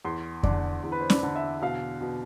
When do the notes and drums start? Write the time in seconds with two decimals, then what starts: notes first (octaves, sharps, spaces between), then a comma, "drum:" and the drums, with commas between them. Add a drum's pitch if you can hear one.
0.05 E2 C6
0.43 D3 D5, drum: kick F2
0.84 E2
0.92 B4
1.00 C5
1.10 D5, drum: snare C#4
1.23 D3
1.36 E5
1.62 B2 F5
2.01 B2